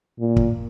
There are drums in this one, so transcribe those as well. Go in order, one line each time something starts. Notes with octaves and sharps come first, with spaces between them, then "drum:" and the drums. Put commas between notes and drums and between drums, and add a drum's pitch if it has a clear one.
A#2
drum: kick